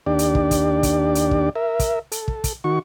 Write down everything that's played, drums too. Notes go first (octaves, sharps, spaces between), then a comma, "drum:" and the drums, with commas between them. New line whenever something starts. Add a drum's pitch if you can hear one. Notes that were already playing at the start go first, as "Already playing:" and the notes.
D#2 D4 G4 D5
drum: hi-hat
drum: kick
drum: kick, hi-hat
drum: kick, hi-hat
drum: hi-hat
drum: kick
A#4 E5
drum: kick, hi-hat
A4, drum: hi-hat
drum: kick
drum: kick, hi-hat
D#3 F#4 C#6